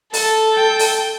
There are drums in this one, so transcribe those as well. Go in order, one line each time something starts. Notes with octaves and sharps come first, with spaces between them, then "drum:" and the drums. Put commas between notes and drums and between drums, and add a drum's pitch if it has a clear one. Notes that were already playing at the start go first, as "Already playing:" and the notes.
A4 A5, drum: open hi-hat
G5
drum: open hi-hat